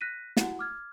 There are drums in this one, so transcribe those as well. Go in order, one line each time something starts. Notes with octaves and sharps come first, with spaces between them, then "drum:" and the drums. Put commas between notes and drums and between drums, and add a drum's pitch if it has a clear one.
F#6 A#6 B6 D#7
E4 F#4 F#5, drum: snare
D6 F6 G#6